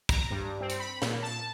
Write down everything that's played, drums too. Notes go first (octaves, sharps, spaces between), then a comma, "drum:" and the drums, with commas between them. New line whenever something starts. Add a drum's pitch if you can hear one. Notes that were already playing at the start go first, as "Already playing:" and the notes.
A#5, drum: kick, hi-hat
G2
C4
drum: hi-hat
B5
A#2, drum: snare
A5